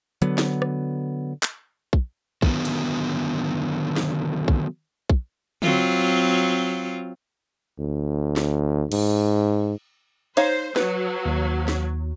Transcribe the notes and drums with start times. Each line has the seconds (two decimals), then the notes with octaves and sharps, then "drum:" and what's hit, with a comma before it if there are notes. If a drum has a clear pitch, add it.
0.22 D3 F#3 B3, drum: hi-hat
0.38 drum: snare
0.62 drum: rim click
1.43 drum: clap
1.93 drum: kick
2.42 D3 D#3 F#3 A#3 B3, drum: kick
2.65 drum: cymbal
3.96 drum: snare
4.48 drum: kick
5.10 drum: kick
5.62 F#3 C4 F4, drum: tom
7.79 D2
8.36 drum: snare
8.92 G#2, drum: cymbal
10.37 D#4 C5 C#5 F5, drum: cymbal
10.76 F#3 B4, drum: snare
11.26 D#2
11.68 drum: snare